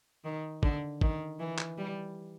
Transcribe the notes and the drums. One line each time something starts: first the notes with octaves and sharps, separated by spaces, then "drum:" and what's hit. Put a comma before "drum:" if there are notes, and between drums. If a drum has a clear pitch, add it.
D#3
D3, drum: kick
D#3, drum: kick
E3
drum: clap
G3